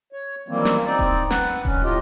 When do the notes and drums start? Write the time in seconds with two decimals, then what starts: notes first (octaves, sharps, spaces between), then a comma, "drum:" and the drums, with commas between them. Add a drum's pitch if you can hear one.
0.13 C#5
0.49 D#3 E3 F#3 G3 A#3 C4
0.65 drum: snare
0.85 C4 D#4 D5
0.99 drum: kick D#1
1.30 B4 F#5, drum: snare
1.65 D#3 C#4, drum: kick D#1
1.84 A2 D#3 F4 G4 D#5